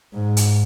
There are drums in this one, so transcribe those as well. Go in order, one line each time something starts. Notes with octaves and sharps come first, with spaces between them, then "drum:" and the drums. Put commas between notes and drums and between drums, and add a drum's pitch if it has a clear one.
G#2
drum: hi-hat